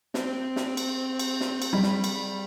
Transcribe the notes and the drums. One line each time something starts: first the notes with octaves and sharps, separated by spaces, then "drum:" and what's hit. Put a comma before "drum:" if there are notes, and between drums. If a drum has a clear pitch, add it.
C4, drum: snare
drum: snare
drum: cymbal
drum: cymbal
drum: snare
drum: cymbal
G3
drum: snare
drum: cymbal